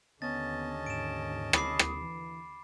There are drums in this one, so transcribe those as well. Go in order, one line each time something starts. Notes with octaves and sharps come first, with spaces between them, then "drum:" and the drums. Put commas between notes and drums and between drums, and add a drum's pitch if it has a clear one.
D#2 D3 B3 C#4 D#5 A5 A6
G#2 D7 E7
B5 D6 D#6 C7, drum: rim click
drum: rim click
E3